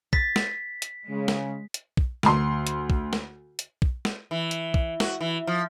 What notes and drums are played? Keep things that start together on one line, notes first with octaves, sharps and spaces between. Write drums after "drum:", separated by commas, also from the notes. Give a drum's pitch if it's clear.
A6 B6, drum: kick
drum: snare
drum: hi-hat
C#3 G#3
drum: snare
drum: hi-hat
drum: kick
D2 C6, drum: snare
drum: hi-hat
drum: kick
drum: snare
drum: hi-hat
drum: kick
drum: snare
E3
drum: hi-hat
drum: kick
F#4, drum: snare
E3
F3